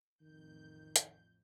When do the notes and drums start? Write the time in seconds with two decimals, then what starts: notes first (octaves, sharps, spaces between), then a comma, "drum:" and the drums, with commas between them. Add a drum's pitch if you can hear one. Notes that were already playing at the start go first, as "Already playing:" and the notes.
0.21 A1 F2 D#3 G6
0.96 drum: hi-hat